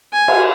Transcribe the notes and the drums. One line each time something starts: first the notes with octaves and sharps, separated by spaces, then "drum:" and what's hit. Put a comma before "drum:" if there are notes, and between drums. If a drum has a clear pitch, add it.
G#5
drum: cymbal